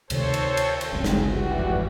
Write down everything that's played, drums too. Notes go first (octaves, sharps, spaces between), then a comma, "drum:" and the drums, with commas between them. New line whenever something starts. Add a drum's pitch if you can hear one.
D2 C3 D#3 A4 C5 C#5, drum: cymbal
drum: cymbal
drum: cymbal
drum: cymbal
G1 C#2 F#2 G#3 C4
drum: snare
E3 G3 F#4
G#1 F2